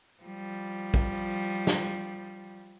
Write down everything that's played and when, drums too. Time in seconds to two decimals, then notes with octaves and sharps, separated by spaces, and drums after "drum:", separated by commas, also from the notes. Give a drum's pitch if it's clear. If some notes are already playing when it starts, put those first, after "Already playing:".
0.23 F3 G3
0.94 drum: kick
1.67 drum: snare